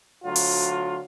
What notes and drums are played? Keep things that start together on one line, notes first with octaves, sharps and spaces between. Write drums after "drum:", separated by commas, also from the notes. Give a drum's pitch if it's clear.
D2 F#3 F4
drum: open hi-hat